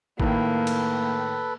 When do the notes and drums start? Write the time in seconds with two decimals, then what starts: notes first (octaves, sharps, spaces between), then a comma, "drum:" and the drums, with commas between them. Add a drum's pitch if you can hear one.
0.20 A2 D#3 A#3 A4 B4, drum: kick G#1
0.67 drum: cymbal